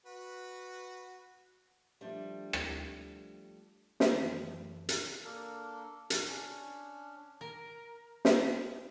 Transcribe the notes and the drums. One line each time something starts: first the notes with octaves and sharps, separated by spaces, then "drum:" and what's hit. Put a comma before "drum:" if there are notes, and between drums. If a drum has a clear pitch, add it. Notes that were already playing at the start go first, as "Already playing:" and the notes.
F#4 B4
F3 G3 A3 D4
drum: rim click
F#2 D#3 E3 A3, drum: snare
drum: hi-hat
A#3 D4 A4 A#4
F#3, drum: hi-hat
C#4 D4
A#4
drum: snare